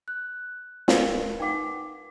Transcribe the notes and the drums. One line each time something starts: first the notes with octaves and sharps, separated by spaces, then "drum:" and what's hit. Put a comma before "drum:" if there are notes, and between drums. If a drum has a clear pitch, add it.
F#6
A#4 B4 F5, drum: snare
D#4 F#5 G5 D6